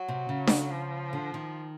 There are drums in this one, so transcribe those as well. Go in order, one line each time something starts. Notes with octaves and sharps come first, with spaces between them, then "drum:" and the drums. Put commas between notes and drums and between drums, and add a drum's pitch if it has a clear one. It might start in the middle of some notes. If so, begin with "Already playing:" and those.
Already playing: F#3
C3
C#3
drum: snare D4
F3
D3
D#3